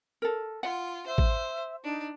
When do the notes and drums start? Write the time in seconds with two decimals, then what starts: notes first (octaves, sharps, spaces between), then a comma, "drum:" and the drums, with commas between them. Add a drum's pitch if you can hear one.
0.22 A4 A#4
0.63 F4 F#5
1.07 C5 E5
1.18 drum: kick A1
1.84 D4 D#4